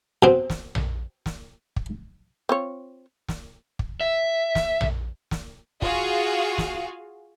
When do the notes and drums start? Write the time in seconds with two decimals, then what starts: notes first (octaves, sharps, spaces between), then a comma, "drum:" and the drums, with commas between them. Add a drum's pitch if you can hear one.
0.23 B2 C4
0.50 drum: snare
0.75 drum: tom A#1
1.26 drum: snare
1.76 drum: kick
2.49 C4 F4 C#5
3.29 drum: snare
3.79 drum: kick
4.01 E5
4.55 drum: snare
4.81 drum: tom A#1
5.31 drum: snare
5.82 F4 F#4 G#4 F5, drum: kick
6.58 drum: snare